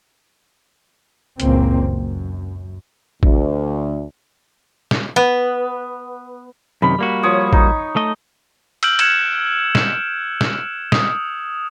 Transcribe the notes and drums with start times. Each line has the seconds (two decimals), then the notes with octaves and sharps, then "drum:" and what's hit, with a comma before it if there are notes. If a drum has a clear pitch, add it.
1.40 F#1 C#2 A#2 A#3 C4, drum: hi-hat
1.89 F#2
3.23 D2, drum: kick A1
4.91 drum: snare
5.16 B3
6.82 F#2 C3 D#3 B5
6.99 G3 A#3 F#4
7.23 F3 C#5 D#6
7.53 D#4, drum: kick A1
7.96 A3 D#5
8.83 E6 F6 G6 D7 F#7, drum: cymbal
8.99 F6 F#6 G#6 C#7 E7 F#7, drum: cymbal
9.75 drum: snare
10.41 drum: snare
10.92 D#6, drum: snare